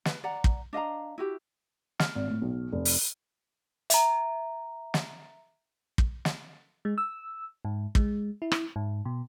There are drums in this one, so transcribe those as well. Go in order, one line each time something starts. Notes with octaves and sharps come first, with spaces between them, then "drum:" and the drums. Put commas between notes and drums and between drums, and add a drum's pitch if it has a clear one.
B4, drum: snare
D5 F#5 A#5
drum: kick
D4 D#5 F5 A#5
E4 F#4 G4
F6, drum: snare
G#1
A2
B1
F1
drum: open hi-hat
E5 A#5, drum: hi-hat
drum: snare
drum: kick
drum: snare
G#3
E6
G#2
G#3, drum: kick
E4
drum: rim click
G#2
B2